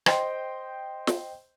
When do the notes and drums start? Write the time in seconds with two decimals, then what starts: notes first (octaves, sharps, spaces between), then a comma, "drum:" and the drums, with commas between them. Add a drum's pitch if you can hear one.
0.06 C5 D#5 G5 C6, drum: rim click
1.07 drum: snare